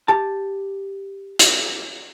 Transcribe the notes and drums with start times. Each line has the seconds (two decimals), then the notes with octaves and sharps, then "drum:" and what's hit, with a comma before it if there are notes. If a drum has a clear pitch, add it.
0.08 G4 A5
1.39 drum: hi-hat